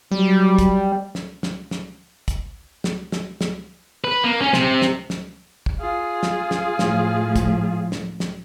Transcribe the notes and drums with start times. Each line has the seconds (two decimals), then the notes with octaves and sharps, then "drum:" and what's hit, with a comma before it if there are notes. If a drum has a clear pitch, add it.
0.12 F#3 G3
0.59 drum: kick, hi-hat
1.15 drum: snare
1.43 drum: snare
1.71 drum: snare
2.28 drum: kick, hi-hat
2.84 drum: snare
3.12 drum: snare
3.41 drum: snare
4.04 B4
4.24 A#3
4.41 C#4
4.53 C3, drum: snare
4.82 drum: snare
5.10 drum: snare
5.66 drum: kick
5.80 F4 G#4
6.23 drum: snare
6.51 drum: snare
6.79 A2 F3 A3, drum: snare
7.36 drum: kick, hi-hat
7.92 drum: snare
8.20 drum: snare